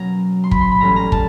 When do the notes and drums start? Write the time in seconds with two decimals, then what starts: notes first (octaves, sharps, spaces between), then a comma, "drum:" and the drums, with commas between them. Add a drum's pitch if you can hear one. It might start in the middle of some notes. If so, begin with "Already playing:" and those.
Already playing: B2 F#3 A#3 C#4 A#5
0.44 C6
0.51 B5, drum: kick
0.61 C6
0.72 B5
0.81 A2 E3 G3 A#3 C#4 A#5
0.96 A#5
1.12 A5, drum: kick